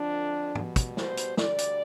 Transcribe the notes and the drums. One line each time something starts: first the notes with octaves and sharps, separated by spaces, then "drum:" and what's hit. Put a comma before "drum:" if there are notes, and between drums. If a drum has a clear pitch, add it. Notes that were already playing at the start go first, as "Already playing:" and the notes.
Already playing: F2 D3 F3 D4
B2 G3, drum: tom
drum: kick, hi-hat
C5, drum: snare
drum: hi-hat
D2 D3 G3 D5, drum: snare
drum: hi-hat